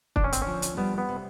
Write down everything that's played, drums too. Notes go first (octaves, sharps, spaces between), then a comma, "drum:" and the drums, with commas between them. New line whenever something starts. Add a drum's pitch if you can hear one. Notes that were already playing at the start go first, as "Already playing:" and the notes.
D3 D4, drum: kick
C#4
C4, drum: hi-hat
F3 C#4
drum: hi-hat
G3 B3
B3
C3